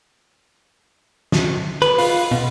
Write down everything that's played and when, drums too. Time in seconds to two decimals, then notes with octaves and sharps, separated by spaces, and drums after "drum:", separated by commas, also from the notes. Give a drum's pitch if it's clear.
1.32 drum: snare
1.82 B4, drum: cymbal
1.98 F4, drum: open hi-hat
2.31 B2